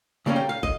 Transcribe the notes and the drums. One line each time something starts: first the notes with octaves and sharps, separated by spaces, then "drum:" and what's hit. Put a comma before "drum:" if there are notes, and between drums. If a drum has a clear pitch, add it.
C#3 G3 A#3 C#4
G5
F5
D#5, drum: kick